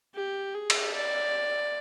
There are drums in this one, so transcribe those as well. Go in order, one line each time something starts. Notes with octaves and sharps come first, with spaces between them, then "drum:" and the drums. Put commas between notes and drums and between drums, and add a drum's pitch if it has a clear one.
G4
G#4
drum: cymbal
D5